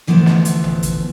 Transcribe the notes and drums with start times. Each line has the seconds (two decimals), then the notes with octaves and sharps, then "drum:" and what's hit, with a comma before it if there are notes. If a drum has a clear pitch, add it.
0.07 D2 E3 F3 B3 B4 A5
0.26 drum: snare
0.45 drum: hi-hat
0.64 drum: tom G#1
0.83 drum: hi-hat